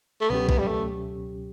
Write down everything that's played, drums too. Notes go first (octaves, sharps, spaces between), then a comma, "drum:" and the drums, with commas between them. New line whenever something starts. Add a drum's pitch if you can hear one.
A3
C#2 B2 F#3 B3 C#4 G4
B3, drum: kick B1
G3
A3